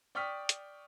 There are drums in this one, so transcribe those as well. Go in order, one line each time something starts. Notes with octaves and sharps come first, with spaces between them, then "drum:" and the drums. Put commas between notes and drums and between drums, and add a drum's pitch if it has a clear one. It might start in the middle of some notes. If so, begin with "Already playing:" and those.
D5 G5 C#6 D#6 F6 B6
drum: hi-hat